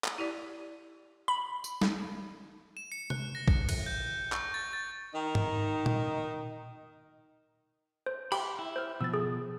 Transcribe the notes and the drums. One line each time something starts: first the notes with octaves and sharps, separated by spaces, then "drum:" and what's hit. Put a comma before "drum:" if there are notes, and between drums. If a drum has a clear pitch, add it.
drum: clap
E4 G4 D5
B5
drum: tambourine
drum: snare
E7
C#7
F#6, drum: tom C3
A#6
drum: kick A#1
F#6, drum: cymbal
G6
C#6, drum: clap
A6
A6
D#3 D#4
drum: tom G#2
drum: tom A#2
C5
G4 G5 B5 C6, drum: cymbal
E4
C5 F6
B2 F3 E6 A6
G#4